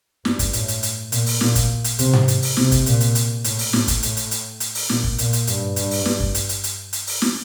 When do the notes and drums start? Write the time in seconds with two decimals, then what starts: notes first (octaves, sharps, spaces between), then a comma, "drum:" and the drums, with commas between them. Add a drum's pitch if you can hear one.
0.25 G2, drum: snare
0.39 drum: kick, hi-hat
0.53 A2, drum: hi-hat
0.68 drum: hi-hat
0.83 drum: hi-hat
1.12 A#2, drum: hi-hat
1.26 drum: open hi-hat
1.41 A#2, drum: snare
1.55 drum: kick, hi-hat
1.84 drum: hi-hat
1.99 C3, drum: hi-hat
2.13 drum: tom G#2
2.28 drum: hi-hat
2.42 drum: open hi-hat
2.57 C3, drum: snare
2.71 drum: kick, hi-hat
2.86 A#2, drum: hi-hat
3.01 drum: hi-hat
3.15 drum: hi-hat
3.44 A2, drum: hi-hat
3.59 drum: open hi-hat
3.73 A2, drum: snare
3.88 drum: kick, hi-hat
4.03 A2, drum: hi-hat
4.17 drum: hi-hat
4.31 drum: hi-hat
4.60 drum: hi-hat
4.75 drum: open hi-hat
4.89 A#2, drum: snare
5.04 drum: kick
5.18 A#2, drum: hi-hat
5.33 drum: hi-hat
5.47 G2, drum: hi-hat
5.76 G2, drum: hi-hat
5.91 drum: open hi-hat
6.05 drum: snare
6.20 drum: kick
6.35 drum: hi-hat
6.49 drum: hi-hat
6.64 drum: hi-hat
6.93 drum: hi-hat
7.07 drum: open hi-hat
7.22 drum: snare